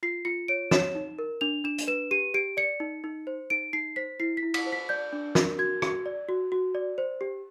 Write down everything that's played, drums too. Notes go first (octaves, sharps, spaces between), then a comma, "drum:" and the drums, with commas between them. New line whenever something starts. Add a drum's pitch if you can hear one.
F4 C7
F4 C#7
C#5 D7
C#5 E7, drum: snare
D#4
A#4
D4 F7
D4 E7
drum: hi-hat
B4 E7
G4 D#7
G4 D7
D5 C#7
D#4
D#4
C5
D#4 D7
D#4 C7
C5 B6
E4 C7
B6
E4
B6, drum: cymbal
C5
B6
D5 G6
D4
A#4, drum: snare
F#4 G#6
F#4, drum: rim click
D5
F#4
F#4
D5
C5
G4